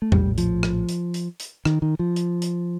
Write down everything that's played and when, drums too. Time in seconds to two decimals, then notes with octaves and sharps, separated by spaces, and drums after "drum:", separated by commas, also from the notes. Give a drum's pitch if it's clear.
0.02 A3
0.12 A#1 A2 G3, drum: tom E2
0.38 F3, drum: hi-hat
0.63 drum: rim click
0.89 drum: hi-hat
1.14 drum: hi-hat
1.40 drum: hi-hat
1.65 D#3, drum: rim click
1.82 D#3
1.99 F3
2.16 drum: hi-hat
2.42 drum: hi-hat